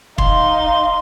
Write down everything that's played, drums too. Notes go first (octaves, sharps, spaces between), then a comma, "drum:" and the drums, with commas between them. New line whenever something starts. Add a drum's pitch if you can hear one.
D#4 F5 C6, drum: kick